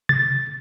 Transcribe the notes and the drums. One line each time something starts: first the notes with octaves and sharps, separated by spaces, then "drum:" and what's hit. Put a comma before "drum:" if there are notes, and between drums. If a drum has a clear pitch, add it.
A6, drum: tom C3